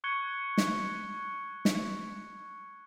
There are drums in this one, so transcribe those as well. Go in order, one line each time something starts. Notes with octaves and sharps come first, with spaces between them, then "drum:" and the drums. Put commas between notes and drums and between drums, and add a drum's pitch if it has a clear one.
C#6 F#6 G#6 C#7 G7
drum: snare
drum: snare